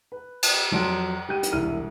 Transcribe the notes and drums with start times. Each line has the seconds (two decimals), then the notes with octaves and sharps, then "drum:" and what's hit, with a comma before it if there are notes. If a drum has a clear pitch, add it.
0.12 B4
0.43 drum: cymbal
0.72 F2 F#3 A5 C6 D7
1.28 G3 G5 G6 D#7
1.43 drum: hi-hat
1.52 E1 C2 E4 F6 D#7